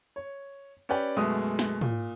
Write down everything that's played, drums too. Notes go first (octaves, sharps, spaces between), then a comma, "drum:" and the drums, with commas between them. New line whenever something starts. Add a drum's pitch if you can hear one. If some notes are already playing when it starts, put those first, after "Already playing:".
C#5
C#4 G4 B4 D5 G5
F#2 B2 G#3 A3 D#6
drum: snare
A#2, drum: tom